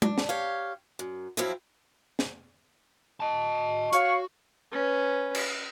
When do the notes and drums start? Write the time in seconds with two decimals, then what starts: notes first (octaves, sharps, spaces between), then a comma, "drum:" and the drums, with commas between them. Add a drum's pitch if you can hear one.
0.02 D4, drum: tom G#3
0.18 drum: snare
0.29 G4 C#5 F5
0.99 F#2
1.37 F2 F3 F#3 C4 E4
2.19 drum: snare
3.20 D#5 A5
3.93 F#4 C#5 F5 C#6, drum: hi-hat
4.72 C#4 B4
5.35 drum: cymbal